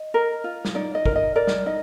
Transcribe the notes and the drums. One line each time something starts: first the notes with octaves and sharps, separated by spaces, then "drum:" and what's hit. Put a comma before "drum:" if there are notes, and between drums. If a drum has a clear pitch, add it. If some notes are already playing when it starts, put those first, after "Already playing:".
Already playing: D#5
A#4
F4
drum: snare
D#4 D5
D#5
A#4, drum: kick
D#5
A#4 D5
drum: snare
D#4 D#5